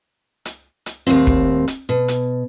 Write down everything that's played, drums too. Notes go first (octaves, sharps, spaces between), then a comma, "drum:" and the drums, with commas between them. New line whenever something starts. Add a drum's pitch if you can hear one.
drum: hi-hat
drum: hi-hat
D#2 A2 C3 C4
drum: kick
drum: hi-hat
B2
drum: hi-hat